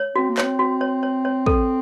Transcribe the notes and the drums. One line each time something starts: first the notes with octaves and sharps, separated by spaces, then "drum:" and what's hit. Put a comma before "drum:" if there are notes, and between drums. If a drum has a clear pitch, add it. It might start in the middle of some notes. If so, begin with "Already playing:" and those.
Already playing: C#5
C4 F#4
A#3
C#5, drum: clap
C4
F#4
C#5
C#5
C#5
A4, drum: kick